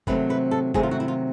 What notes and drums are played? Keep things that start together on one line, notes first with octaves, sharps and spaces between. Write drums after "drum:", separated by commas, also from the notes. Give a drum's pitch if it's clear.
C3 D#3 F#3 A3 C4 B4, drum: kick F#1
B4
A4
C3 D#3 F#3 A3 C4 G#4, drum: kick F#1
F4
F#4
E4
F4